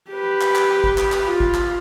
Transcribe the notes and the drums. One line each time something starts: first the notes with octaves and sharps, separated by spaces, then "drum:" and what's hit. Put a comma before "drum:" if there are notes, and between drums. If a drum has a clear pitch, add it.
G4 B4
drum: clap
drum: clap
drum: kick
drum: clap
drum: clap
F4
drum: kick
drum: clap